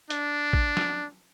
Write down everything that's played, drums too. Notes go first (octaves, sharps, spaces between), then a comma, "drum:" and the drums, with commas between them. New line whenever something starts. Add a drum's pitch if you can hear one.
D4, drum: hi-hat
drum: kick
drum: snare